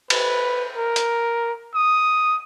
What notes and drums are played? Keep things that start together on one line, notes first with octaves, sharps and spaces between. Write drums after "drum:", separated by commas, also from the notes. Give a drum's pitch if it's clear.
B4, drum: cymbal
A#4
drum: hi-hat
D#6